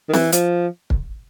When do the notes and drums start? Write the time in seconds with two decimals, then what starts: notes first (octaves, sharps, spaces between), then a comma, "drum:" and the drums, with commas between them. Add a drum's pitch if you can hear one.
0.09 D#3
0.13 E3, drum: snare C4
0.33 F3, drum: hi-hat
0.90 drum: kick